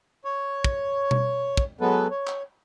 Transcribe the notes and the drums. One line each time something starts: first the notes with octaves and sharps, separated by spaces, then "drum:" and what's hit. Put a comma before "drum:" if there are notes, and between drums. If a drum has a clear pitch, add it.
C#5
drum: kick
drum: tom B2
drum: kick
F#3 G#3 B3 A4 B4
C#5
drum: clap